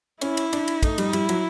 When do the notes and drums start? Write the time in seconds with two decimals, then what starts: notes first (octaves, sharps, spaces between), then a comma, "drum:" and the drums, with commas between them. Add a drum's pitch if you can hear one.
0.21 C#4 E4, drum: cymbal
0.37 drum: cymbal
0.53 D4, drum: cymbal
0.68 drum: cymbal
0.83 A3 D#4, drum: kick, cymbal
0.98 G3, drum: cymbal
1.13 G3 E4, drum: cymbal
1.29 F#3, drum: cymbal